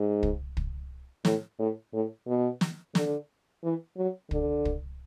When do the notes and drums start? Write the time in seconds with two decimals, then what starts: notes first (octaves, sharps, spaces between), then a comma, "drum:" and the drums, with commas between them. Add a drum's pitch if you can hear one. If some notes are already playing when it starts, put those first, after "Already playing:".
Already playing: G#2
0.23 drum: kick
0.57 drum: kick
1.25 A2, drum: snare
1.59 A2
1.93 A2
2.27 B2
2.61 drum: snare
2.95 D3, drum: snare
3.63 E3
3.97 F#3
4.31 D3, drum: kick
4.65 drum: kick